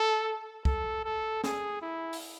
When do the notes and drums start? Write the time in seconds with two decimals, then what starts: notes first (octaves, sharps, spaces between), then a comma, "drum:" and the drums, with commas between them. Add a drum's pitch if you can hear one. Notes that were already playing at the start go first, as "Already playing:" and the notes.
Already playing: A4
0.65 A4, drum: kick C2
1.05 A4
1.44 G#4, drum: snare
1.82 E4
2.13 drum: open hi-hat